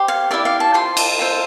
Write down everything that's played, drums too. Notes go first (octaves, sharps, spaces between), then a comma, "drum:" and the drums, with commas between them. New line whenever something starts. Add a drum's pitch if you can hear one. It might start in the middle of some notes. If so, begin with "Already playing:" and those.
Already playing: G4 C5
F5
E4 G4 D5 E5
F5
A5
F4 C5 C6
drum: cymbal
F4 A4 C5